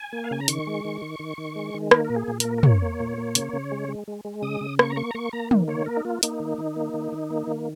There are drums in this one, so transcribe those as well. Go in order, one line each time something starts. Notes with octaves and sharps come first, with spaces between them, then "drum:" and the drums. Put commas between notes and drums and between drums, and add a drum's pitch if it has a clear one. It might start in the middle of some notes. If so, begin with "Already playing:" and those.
Already playing: G#5
A#3
F5
C#3 G#5
A#5
D#3 C#6, drum: hi-hat
G#3
D#3
D#3
D#3
D#3
G#3
D#3
A#3 A#4, drum: rim click
A#4
A#2
G#4
A#2
A#3 A#4, drum: hi-hat
A#4
A#3 C#5, drum: tom
A#3
A#2
A#3
C#3, drum: hi-hat
C#3
G#3
G#3
G#3
G#3
C#3 D#6
C#3
A#3 C#6, drum: rim click
A#5
A#3 C#6
A#5
A#3 C#6
A#3 A#5
D#3, drum: tom
A#3 C#5
A#3 A#4
D#4
A#3 F4
A#3 D#4, drum: hi-hat
D#3
D#3
A#3
D#3
D#3
A#3
D#3